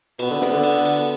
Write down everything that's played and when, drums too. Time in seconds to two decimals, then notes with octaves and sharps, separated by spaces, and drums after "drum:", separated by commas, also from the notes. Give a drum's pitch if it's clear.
0.19 B2 B3, drum: cymbal
0.31 D3
0.41 D3, drum: snare
0.53 D3
0.63 drum: cymbal
0.85 drum: cymbal